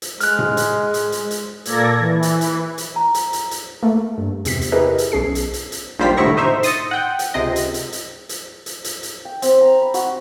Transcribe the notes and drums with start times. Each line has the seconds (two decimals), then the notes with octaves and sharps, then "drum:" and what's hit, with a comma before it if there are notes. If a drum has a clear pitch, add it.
0.02 drum: hi-hat
0.21 G#3 F6 F#6, drum: hi-hat
0.39 drum: tom A2
0.57 drum: hi-hat
0.94 drum: hi-hat
1.12 drum: hi-hat
1.31 drum: hi-hat
1.65 A#2 A#3 A4 D5 G#6 A#6, drum: hi-hat
1.99 E3
2.23 drum: hi-hat
2.41 drum: hi-hat
2.78 drum: hi-hat
2.96 A#5
3.14 drum: hi-hat
3.33 drum: hi-hat
3.51 drum: hi-hat
3.83 A3 A#3
4.18 G2
4.45 E2 C3 B6, drum: hi-hat
4.62 drum: hi-hat
4.72 E4 G4 G#4 A#4 B4 D#5
4.98 drum: hi-hat
5.12 B1 C#4 G#4 C7
5.35 drum: hi-hat
5.53 drum: hi-hat
5.72 drum: hi-hat
5.99 A#1 D#2 G3 C5 F5 B6
6.17 A2 D3 D#3 E4 C#6 A#6
6.27 drum: tom A2
6.37 D#4 C5 E5
6.63 C6 D#6 A6 A#6 C#7, drum: hi-hat
6.91 F#5 G5
7.19 drum: hi-hat
7.34 C#2 C3 C4 D#5
7.56 drum: hi-hat
7.74 drum: hi-hat
7.93 drum: hi-hat
8.29 drum: hi-hat
8.66 drum: hi-hat
8.84 drum: hi-hat
9.03 drum: hi-hat
9.25 G5
9.42 C4, drum: hi-hat
9.61 A#5
9.82 B5
9.94 F#4, drum: hi-hat